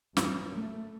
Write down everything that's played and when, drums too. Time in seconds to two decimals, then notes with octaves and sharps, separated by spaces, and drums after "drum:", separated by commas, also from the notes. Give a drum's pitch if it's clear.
0.17 F#2, drum: snare
0.55 A3